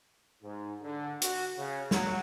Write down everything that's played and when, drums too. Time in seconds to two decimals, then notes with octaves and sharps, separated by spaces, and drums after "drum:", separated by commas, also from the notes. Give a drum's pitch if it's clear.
0.43 G#2
0.82 D3
1.22 F#4, drum: hi-hat
1.58 C#3
1.91 F#3, drum: snare